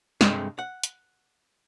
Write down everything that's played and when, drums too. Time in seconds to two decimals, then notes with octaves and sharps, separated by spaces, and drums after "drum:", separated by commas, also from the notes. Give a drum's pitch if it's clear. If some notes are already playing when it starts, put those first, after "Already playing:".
0.21 G2 C3 D#3 G#3 A3, drum: snare
0.59 F#5
0.83 drum: hi-hat